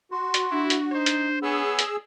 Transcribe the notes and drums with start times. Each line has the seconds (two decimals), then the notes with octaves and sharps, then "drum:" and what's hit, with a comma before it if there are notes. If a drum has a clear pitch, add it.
0.11 F#4 C6
0.34 drum: hi-hat
0.51 D4 E4
0.70 drum: hi-hat
0.92 D#4 C5
1.06 drum: hi-hat
1.43 B3 G#4 C#5 E6
1.79 drum: hi-hat